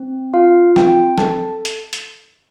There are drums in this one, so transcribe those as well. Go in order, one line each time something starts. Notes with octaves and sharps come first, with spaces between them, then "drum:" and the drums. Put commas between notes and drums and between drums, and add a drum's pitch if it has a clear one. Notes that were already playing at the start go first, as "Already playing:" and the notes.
Already playing: C4
F4 F5
C4 G5, drum: snare
A4 A5, drum: snare
drum: hi-hat
drum: hi-hat